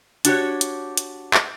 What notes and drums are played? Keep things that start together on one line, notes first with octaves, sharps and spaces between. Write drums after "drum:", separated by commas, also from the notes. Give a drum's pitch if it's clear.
D4 F#4 G4 C#5, drum: hi-hat
drum: hi-hat
drum: hi-hat
drum: clap